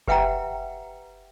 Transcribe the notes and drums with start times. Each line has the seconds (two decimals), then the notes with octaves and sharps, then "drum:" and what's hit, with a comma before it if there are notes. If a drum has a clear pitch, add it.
0.08 G4 B4 E5 F#5 G5 A#5, drum: kick F#1